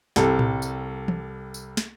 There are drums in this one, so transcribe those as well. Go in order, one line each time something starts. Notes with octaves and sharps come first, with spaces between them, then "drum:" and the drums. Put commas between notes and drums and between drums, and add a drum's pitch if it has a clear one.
C2 G3 A4, drum: snare
drum: tom A2
drum: tambourine
drum: tom
drum: tambourine
drum: snare